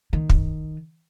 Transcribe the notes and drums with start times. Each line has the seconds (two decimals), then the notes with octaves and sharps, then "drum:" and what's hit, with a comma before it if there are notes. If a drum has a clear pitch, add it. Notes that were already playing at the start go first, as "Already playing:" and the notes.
0.13 D#3
0.29 drum: kick